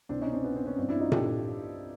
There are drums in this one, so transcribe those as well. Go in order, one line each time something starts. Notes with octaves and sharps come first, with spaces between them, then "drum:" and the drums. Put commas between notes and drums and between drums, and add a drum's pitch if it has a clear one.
C2 B2 C4 D4
C#4 D#4
C4 D4
B3 C#4
C4
B3 C#4
G2 E3 C4 D4
D4 E4
D#4 F4
G4 A4, drum: tom A#2